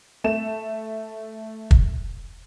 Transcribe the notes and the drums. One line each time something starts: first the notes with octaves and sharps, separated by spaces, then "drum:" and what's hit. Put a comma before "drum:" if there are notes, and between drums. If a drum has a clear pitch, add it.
A3 E7
drum: kick